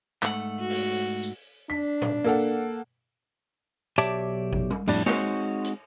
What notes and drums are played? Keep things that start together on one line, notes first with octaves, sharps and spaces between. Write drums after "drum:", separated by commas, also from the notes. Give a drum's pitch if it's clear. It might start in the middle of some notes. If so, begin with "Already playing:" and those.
G#2 A3 F#5, drum: clap
F#4
drum: open hi-hat
drum: tambourine
D4 B6
drum: tom A2
A#3 A4 F#5
B1 G4 C#5 D5 E5 A5, drum: tambourine
drum: kick G#1
drum: tom G3
F2 A2 G3 D4, drum: cymbal
G#3 C4 D#4 F#4 C#5, drum: snare
drum: hi-hat